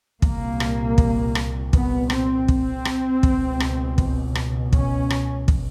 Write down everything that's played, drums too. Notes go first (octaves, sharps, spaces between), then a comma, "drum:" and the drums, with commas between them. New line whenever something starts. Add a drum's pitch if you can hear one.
C2 A#2 A#3, drum: kick
drum: rim click
drum: kick
drum: rim click
B3, drum: kick
C4, drum: rim click
C4, drum: kick
drum: rim click
C#2 B2, drum: kick
drum: rim click
drum: kick
drum: rim click
C#4, drum: kick
drum: rim click
drum: kick